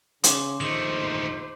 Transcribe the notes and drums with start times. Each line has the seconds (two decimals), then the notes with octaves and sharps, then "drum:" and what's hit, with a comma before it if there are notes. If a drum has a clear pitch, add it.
0.24 C#3 C6 D6, drum: hi-hat
0.61 A#1 D#3 A3 D#4 C5 F#7